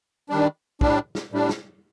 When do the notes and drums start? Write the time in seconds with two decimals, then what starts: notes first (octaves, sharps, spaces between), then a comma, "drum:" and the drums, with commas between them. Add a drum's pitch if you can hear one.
0.29 D#3 G3 D4
0.81 A2 G3 D4, drum: kick
1.15 drum: snare
1.32 A2 G3 D4
1.49 drum: snare